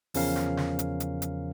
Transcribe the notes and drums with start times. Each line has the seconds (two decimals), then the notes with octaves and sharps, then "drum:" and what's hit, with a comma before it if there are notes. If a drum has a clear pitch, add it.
0.14 E2 C#3 F3 C#4 A#4 F5, drum: open hi-hat
0.36 drum: snare
0.57 drum: snare
0.79 drum: hi-hat
1.00 drum: hi-hat
1.22 drum: hi-hat